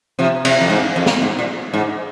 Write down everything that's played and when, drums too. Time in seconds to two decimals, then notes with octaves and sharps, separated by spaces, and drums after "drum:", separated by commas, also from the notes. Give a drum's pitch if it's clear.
0.19 C3 F3
0.45 C3, drum: cymbal
0.60 F2
0.70 G#2
0.96 F2
1.06 drum: snare
1.22 G#2
1.39 A#2
1.74 G#2